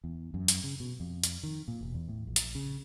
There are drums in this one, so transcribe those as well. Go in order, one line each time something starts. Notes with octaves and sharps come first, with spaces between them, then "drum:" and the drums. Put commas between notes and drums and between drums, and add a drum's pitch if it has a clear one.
E2
F#2
drum: hi-hat
C#3
B2
F2
drum: hi-hat
D#3
A#2
E1
E2
A2
A#1
drum: hi-hat
C#3